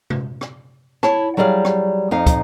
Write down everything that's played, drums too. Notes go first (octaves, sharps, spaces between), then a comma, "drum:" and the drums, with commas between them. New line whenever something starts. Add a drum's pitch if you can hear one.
drum: tom
drum: rim click
E4 C#5 A5, drum: rim click
F#3 G3 G#4 D5 D#5 F5
drum: rim click
F2 D#4 F5
drum: kick, hi-hat